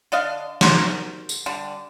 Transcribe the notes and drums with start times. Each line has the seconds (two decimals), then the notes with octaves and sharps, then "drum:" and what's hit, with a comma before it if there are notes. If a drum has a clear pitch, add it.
0.12 D3 D4 D#5 F5
0.61 D#4 F#4 A#4 C5, drum: snare
1.29 drum: tambourine
1.46 D3 G3